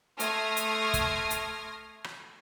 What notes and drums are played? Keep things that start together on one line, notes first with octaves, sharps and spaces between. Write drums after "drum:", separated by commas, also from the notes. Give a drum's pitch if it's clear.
A3 C6 D#6 F6 G#6 A#6, drum: hi-hat
drum: hi-hat
drum: kick, hi-hat
drum: hi-hat
drum: rim click